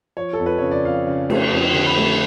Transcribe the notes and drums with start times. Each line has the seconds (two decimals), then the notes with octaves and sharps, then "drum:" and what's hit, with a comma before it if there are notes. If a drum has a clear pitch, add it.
0.17 F3 C#5
0.33 A4
0.39 F2
0.46 B4
0.58 C#3 C#5
0.71 D5
0.84 F2 F5
1.07 C#3
1.30 A3, drum: cymbal
1.52 F2
1.74 D3
1.86 B5
1.98 A3